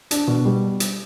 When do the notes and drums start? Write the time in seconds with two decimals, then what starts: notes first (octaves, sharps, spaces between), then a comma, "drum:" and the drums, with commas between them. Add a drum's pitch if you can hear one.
0.11 D4, drum: hi-hat
0.27 B2
0.45 G3
0.80 drum: hi-hat